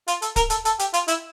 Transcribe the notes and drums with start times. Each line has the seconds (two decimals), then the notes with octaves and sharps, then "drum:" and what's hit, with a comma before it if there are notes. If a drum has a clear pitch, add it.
0.08 F4, drum: hi-hat
0.22 A4, drum: hi-hat
0.36 A#4, drum: kick D1, hi-hat
0.50 A4, drum: hi-hat
0.65 A4, drum: hi-hat
0.79 G4, drum: hi-hat
0.94 F4, drum: hi-hat
1.08 E4, drum: hi-hat